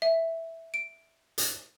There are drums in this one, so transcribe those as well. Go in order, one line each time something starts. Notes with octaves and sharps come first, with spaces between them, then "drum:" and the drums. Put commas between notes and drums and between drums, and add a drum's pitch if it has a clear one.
E5
D7
drum: hi-hat